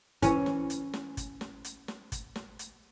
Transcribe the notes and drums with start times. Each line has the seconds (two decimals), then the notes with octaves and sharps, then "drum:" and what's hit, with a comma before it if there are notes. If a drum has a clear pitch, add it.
0.22 E3 C#4, drum: kick, hi-hat
0.46 drum: snare
0.70 drum: hi-hat
0.93 drum: snare
1.17 drum: kick, hi-hat
1.41 drum: snare
1.65 drum: hi-hat
1.88 drum: snare
2.12 drum: kick, hi-hat
2.36 drum: snare
2.59 drum: hi-hat